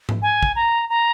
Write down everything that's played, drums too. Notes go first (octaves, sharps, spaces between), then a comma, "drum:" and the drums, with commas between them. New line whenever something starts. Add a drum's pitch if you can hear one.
drum: tom G#2
G#5
drum: kick
A#5
A#5